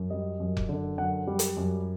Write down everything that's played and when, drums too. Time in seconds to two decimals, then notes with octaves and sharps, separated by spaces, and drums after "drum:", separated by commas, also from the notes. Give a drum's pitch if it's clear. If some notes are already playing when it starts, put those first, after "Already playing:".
Already playing: F#2
0.10 G3 D#5
0.40 F#2
0.57 drum: kick F1
0.69 D3
0.98 F#2 F#5
1.27 G3
1.39 drum: hi-hat
1.57 F#2